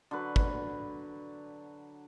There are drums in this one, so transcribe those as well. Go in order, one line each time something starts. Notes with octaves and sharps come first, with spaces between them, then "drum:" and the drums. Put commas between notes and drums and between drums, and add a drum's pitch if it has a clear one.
D3 F#3 B4
drum: kick